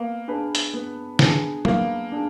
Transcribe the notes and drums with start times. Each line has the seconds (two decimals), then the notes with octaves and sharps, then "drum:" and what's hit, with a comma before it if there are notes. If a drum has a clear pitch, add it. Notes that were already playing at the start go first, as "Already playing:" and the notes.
Already playing: A#3 B3
0.28 D4 G#4 B4
0.55 drum: hi-hat
0.74 B3
1.19 D4 G#4 B4, drum: snare
1.65 A#3 B3, drum: tom
2.12 D4 G#4